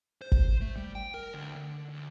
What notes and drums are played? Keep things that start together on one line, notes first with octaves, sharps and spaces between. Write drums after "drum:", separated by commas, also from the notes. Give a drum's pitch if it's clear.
C5
drum: kick G#1
A3
G3
G5
A#4
D2
D3
D2